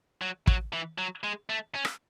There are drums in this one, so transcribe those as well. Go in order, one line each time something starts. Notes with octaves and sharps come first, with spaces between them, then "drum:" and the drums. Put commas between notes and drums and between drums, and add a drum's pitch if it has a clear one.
F#3
F#3, drum: kick
E3
F#3
G#3
A3
C#4
drum: rim click